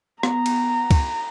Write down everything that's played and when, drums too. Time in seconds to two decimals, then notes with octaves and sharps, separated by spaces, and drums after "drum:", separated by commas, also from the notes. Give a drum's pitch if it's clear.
0.23 B3 A#5, drum: rim click
0.46 drum: cymbal
0.91 drum: kick, cymbal